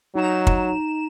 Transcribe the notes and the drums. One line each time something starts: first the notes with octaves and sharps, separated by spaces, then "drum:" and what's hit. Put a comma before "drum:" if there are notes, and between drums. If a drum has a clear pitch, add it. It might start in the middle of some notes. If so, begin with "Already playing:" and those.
F#3 D#4 A#5 E7
drum: kick